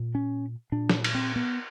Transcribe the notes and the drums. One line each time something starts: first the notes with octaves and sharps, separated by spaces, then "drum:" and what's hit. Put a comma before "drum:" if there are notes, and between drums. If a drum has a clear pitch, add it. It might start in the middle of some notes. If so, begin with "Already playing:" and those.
Already playing: A#2
C#4
A#2 D4
drum: snare
drum: cymbal
C4
B3